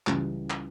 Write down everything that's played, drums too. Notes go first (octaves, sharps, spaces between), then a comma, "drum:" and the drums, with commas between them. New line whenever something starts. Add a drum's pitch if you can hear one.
C#2 C#3 E3 G3, drum: clap
drum: clap